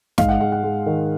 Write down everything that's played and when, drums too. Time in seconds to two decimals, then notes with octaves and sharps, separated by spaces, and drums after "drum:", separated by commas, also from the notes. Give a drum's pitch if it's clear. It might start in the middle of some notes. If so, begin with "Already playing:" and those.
0.18 G#2 F5, drum: snare
0.29 F#5
0.40 G#3 F#5
0.52 F#5
0.63 G#3
0.86 D#3